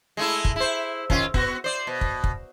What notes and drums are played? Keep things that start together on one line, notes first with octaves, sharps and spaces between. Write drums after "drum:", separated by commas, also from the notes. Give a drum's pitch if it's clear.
G#3 A3 E4
drum: kick
E4 C5
D#3 C#4 F4, drum: kick
B3 F#4, drum: kick
C5 D5
B2
drum: kick
drum: kick